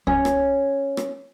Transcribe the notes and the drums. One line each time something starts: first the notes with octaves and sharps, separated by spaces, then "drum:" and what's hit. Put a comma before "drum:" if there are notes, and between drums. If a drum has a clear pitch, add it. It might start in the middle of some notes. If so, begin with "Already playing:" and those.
C#4, drum: kick
drum: rim click
drum: rim click